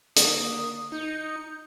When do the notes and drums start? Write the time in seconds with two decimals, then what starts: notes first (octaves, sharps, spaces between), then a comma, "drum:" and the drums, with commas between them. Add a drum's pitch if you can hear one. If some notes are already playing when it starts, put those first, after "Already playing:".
0.16 D3 A#3 D#6, drum: hi-hat
0.92 D#4 G6 C#7